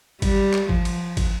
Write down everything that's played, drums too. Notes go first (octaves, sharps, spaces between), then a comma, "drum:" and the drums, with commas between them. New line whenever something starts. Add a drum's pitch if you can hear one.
G3, drum: kick G#1, cymbal
drum: clap
F3, drum: kick G#1
drum: cymbal
drum: kick G#1, cymbal